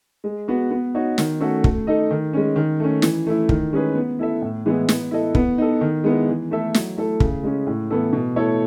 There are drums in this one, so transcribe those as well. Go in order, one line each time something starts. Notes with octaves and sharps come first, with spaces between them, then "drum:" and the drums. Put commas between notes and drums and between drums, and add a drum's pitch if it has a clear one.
G#3
B3 F#4
B3
D#4 F#4 C#5
D#3, drum: snare
A3 C#4 F#4 A4
A3, drum: kick
D#4 A4 D#5
D#3
G#3 C#4
D#3
A3 C#4
E3, drum: snare
A3 E4
D#3, drum: kick
G#3 C#4 G#4 B4
B3
E4 A4 E5
A2
E3 G#3 B3 E4
B3, drum: snare
E4 A4 D#5
B3, drum: kick
D#4 A4
D#3
G#3 B3 E4
E3
A3 E4 A4 E5
F#3, drum: snare
A3 E4 A4
C#3, drum: kick
G#3 C#4
A2
E3 B3 E4 A4
B2
A3 E4 A4 C#5